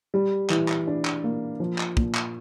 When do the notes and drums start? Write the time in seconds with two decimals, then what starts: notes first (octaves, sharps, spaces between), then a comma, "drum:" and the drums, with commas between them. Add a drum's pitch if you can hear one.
0.14 G3
0.50 E3, drum: clap
0.69 drum: clap
0.87 D4
1.05 drum: clap
1.24 A#3
1.60 F3
1.78 drum: clap
1.97 A#2, drum: kick
2.15 drum: clap